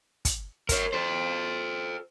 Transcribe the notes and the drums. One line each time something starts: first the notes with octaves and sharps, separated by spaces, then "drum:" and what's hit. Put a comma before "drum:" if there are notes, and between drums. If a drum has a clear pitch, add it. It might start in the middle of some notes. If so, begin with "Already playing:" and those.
drum: kick, hi-hat
A#4 C#5, drum: kick, hi-hat
A4 C5